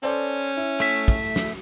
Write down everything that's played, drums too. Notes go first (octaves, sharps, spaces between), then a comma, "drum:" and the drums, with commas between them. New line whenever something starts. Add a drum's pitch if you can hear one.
C#4 A4 C5 D5
E4
A3 E5, drum: open hi-hat
drum: kick
drum: snare